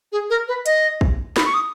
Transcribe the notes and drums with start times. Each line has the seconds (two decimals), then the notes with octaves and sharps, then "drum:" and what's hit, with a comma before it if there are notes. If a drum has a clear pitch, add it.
0.12 G#4
0.30 A#4
0.48 B4
0.66 D#5, drum: hi-hat
1.01 drum: kick
1.36 B5, drum: snare
1.46 C#6
1.54 D#6